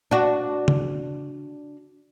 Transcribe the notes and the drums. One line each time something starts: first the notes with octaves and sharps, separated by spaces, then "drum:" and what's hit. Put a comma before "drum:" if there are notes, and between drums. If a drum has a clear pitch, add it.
D4 F#4
drum: tom C#3